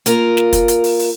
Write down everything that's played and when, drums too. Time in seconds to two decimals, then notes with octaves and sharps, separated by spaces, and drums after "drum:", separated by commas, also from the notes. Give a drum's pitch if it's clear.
0.06 A#3 F4 A#4, drum: hi-hat
0.37 drum: snare
0.53 drum: kick, hi-hat
0.68 drum: hi-hat
0.84 drum: open hi-hat
0.99 drum: open hi-hat